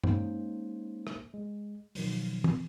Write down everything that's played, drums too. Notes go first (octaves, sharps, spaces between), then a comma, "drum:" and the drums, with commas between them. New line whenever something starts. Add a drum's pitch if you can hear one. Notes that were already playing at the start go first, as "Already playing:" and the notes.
G#3 A#3 C#4 D#4 C5, drum: tom G2
drum: rim click
G#3
B2 D#3 F3 F#3, drum: open hi-hat
drum: tom